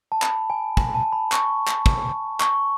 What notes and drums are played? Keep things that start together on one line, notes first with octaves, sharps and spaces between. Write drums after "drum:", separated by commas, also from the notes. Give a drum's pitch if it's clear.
A5
B5, drum: clap
G#5
G#5, drum: kick
A5
B5
C#6, drum: clap
drum: clap
drum: kick
C#6, drum: clap